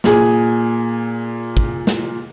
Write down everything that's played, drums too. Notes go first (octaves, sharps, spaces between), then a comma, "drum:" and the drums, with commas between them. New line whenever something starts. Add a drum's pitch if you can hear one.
A#2 G#4, drum: snare
drum: kick
drum: snare